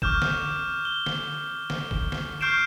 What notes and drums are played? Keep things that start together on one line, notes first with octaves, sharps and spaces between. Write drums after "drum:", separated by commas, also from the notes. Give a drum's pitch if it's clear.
C#6 D6 F6 G6 E7, drum: kick
drum: snare
G7
drum: snare
drum: snare
drum: kick
drum: snare
C#6 F6 G6 C7 D7 E7